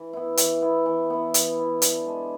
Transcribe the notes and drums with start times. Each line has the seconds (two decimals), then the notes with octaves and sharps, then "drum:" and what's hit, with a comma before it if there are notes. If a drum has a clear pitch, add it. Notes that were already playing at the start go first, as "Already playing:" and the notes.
Already playing: E3
0.13 B3 E4
0.37 E3, drum: hi-hat
0.62 B3 E4
0.86 E3
1.10 B3 E4
1.34 E3, drum: hi-hat
1.59 B3 E4
1.82 D3, drum: hi-hat
2.07 G#3 D4